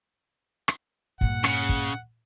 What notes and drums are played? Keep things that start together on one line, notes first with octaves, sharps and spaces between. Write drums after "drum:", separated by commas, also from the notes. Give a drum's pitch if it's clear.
drum: rim click
G2 A#2 F#5, drum: kick
C#3, drum: rim click
drum: kick